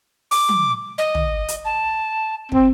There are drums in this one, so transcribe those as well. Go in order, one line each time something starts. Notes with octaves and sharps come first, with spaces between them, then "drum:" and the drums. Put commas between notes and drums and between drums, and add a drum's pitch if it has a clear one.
D6, drum: open hi-hat
drum: tom
D#5
drum: tom
drum: hi-hat
A5
C4, drum: kick